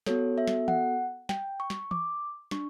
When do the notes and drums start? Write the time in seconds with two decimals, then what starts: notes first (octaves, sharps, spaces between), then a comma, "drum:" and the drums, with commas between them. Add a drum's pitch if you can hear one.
0.06 B3 F#4 A4 C#5, drum: snare
0.38 E5
0.48 drum: snare
0.68 F#5, drum: tom
1.29 G5, drum: snare
1.60 C#6
1.70 drum: snare
1.91 D6, drum: tom
2.51 D4 C#6, drum: snare